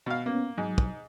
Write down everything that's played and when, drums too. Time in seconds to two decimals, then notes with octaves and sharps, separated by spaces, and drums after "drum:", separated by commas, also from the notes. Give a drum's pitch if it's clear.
0.06 B2 F5
0.26 A#3 B3 C#4
0.58 G#2 F#3
0.78 drum: kick